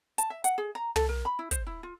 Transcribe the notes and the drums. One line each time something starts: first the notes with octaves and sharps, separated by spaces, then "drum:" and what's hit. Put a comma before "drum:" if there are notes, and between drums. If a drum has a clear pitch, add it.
A5, drum: hi-hat
E5
F#5, drum: hi-hat
G#4
A#5
A4, drum: tom
A#4
B5
E4
C5, drum: kick, hi-hat
E4
F4